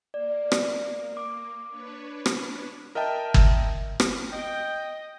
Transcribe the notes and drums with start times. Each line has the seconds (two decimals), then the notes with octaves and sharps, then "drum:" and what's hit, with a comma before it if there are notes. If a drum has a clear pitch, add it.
0.14 A#3 D5
0.52 drum: rim click
1.17 D6
1.69 D4 B4 C#5
2.26 drum: rim click
2.95 A#4 D#5 E5 G5 A5
3.34 drum: kick
4.00 drum: rim click
4.33 D#5 G5